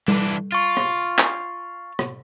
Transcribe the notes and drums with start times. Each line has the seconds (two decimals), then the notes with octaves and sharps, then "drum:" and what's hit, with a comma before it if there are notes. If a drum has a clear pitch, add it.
0.08 E3 D4, drum: tom G3
0.52 F4 C#6 A6
0.77 drum: rim click
1.19 drum: clap
1.99 drum: rim click